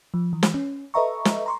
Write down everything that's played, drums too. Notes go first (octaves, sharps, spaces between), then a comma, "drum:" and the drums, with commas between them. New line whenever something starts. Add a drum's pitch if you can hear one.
F3
E3
drum: snare
C#4
A4 B4 D#5 E5 A#5 C#6
drum: snare
A#5 C6 C#6